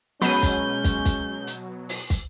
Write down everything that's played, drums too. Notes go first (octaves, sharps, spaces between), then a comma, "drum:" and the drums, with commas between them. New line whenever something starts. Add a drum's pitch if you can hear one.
B2 F#3 G#3 C#4 B5 G6 D#7, drum: open hi-hat
drum: kick, hi-hat
drum: kick, hi-hat
drum: kick, hi-hat
drum: hi-hat
drum: open hi-hat
drum: kick, hi-hat